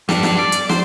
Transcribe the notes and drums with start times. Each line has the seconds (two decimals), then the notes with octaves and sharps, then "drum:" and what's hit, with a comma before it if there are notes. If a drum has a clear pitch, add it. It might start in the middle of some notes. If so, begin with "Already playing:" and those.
0.09 G3 D4, drum: snare
0.23 drum: snare
0.39 D5
0.52 drum: hi-hat
0.69 C5, drum: snare